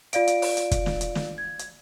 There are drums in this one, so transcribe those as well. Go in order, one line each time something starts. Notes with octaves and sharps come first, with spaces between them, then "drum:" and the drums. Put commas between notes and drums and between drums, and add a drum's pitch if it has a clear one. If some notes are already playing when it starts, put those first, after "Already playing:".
F4 D5 F5 D7, drum: hi-hat
drum: hi-hat
drum: open hi-hat
drum: hi-hat
drum: kick, hi-hat
drum: snare
drum: hi-hat
drum: snare
G#6
drum: hi-hat